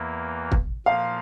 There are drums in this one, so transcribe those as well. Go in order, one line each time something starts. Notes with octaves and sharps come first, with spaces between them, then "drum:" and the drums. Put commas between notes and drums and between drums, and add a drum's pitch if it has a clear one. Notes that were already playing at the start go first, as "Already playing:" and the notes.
Already playing: E2 E3 A#3
drum: kick
A#2 F3 A#3 F5